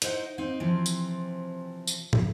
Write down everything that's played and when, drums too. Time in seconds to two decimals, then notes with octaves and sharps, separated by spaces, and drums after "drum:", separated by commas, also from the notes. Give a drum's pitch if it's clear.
0.02 D#4 E4 C5 E5 F#5, drum: hi-hat
0.38 C4 D#4 F5
0.60 C3 E3 F3 C4
0.86 drum: tambourine
1.87 drum: tambourine
2.13 drum: tom